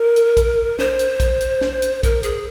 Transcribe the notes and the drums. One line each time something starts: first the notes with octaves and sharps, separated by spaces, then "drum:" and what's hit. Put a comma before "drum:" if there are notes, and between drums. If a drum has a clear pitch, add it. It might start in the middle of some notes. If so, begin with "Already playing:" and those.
Already playing: A#4
drum: hi-hat
drum: kick, hi-hat
C5, drum: snare
drum: hi-hat
drum: kick, hi-hat
drum: hi-hat
drum: snare
drum: hi-hat
A#4, drum: kick, hi-hat
G#4, drum: hi-hat